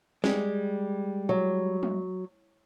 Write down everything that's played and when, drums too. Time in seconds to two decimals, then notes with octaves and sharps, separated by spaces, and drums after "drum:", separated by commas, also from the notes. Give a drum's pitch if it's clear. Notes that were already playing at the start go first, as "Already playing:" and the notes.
0.24 G3 G#3, drum: snare
1.29 F#3
1.83 drum: tom